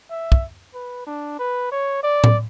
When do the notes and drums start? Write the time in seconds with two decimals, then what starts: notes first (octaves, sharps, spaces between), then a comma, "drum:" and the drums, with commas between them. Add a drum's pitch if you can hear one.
0.10 E5
0.32 drum: kick
0.74 B4
1.07 D4
1.39 B4
1.72 C#5
2.03 D5
2.24 drum: tom A2